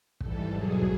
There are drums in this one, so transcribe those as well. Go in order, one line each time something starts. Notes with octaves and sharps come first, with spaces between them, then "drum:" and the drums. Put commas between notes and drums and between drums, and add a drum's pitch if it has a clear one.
G#2 E3 G3 A4, drum: kick
E2 B2 F#3 G#4
drum: kick